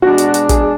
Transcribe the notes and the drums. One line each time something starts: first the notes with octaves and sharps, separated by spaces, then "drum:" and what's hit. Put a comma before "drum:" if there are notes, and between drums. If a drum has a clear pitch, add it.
B2 G#3 D4 F#4
drum: hi-hat
drum: hi-hat
G#4, drum: kick, hi-hat